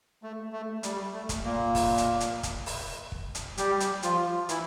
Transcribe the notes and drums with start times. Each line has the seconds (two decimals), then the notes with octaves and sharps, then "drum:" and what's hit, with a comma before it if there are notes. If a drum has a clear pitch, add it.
0.23 A3
0.53 A3
0.83 G3, drum: hi-hat
1.13 A3
1.29 drum: kick, hi-hat
1.45 A#2 A#3
1.75 drum: kick, open hi-hat
1.98 drum: hi-hat
2.20 drum: hi-hat
2.43 drum: kick, hi-hat
2.66 drum: open hi-hat
3.12 drum: kick
3.35 drum: hi-hat
3.58 G3 G4, drum: hi-hat
3.80 drum: hi-hat
4.03 F3 F4, drum: hi-hat
4.49 E3 E4, drum: hi-hat